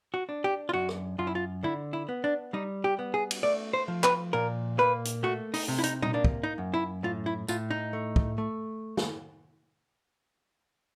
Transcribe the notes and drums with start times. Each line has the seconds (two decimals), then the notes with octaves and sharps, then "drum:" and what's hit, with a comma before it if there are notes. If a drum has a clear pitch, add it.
0.14 F#4
0.29 D4
0.44 G4
0.69 F4
0.74 F#2 F#4
0.89 drum: rim click
1.18 F#2 F4
1.27 E4
1.35 F4
1.63 D3 E4
1.93 E4
2.09 B3
2.24 D4
2.53 G3 D#4
2.84 G4
2.99 B3
3.14 G#4
3.31 drum: cymbal
3.43 A3 D5
3.73 C5
3.88 F3
4.04 B4, drum: clap
4.33 A#2 A#4
4.78 A#3 B4
5.05 drum: hi-hat
5.23 A3 F#4
5.54 D#4, drum: open hi-hat
5.68 C3
5.79 E4
5.84 D#4, drum: hi-hat
6.02 D#4, drum: tom A#2
6.13 A#3 D4
6.24 drum: kick C2
6.43 D#4
6.58 F#2
6.74 E4
7.03 A2 F4
7.26 E4
7.48 A2 F4, drum: tambourine
7.71 D#4
7.93 A3
8.16 drum: kick C2
8.38 A3
8.97 drum: snare